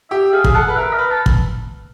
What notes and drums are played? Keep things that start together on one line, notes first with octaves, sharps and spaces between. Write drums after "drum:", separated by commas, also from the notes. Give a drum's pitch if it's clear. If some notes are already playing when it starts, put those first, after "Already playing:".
G4 E5
G#4 F5
G#4, drum: kick
A4 F#5
B4
A#4 E5
A#4
B4
A4
drum: kick